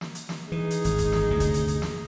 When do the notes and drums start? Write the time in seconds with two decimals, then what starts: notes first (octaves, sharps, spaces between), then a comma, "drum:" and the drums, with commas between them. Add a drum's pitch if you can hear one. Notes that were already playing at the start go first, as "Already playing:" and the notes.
0.01 drum: snare
0.15 drum: hi-hat
0.29 drum: snare
0.52 E3 D#4 G#4
0.71 drum: hi-hat
0.84 G#1, drum: hi-hat
0.98 drum: kick, hi-hat
1.12 drum: snare
1.31 D2 G2 C3
1.40 drum: kick, hi-hat
1.54 drum: hi-hat
1.68 drum: hi-hat
1.82 drum: snare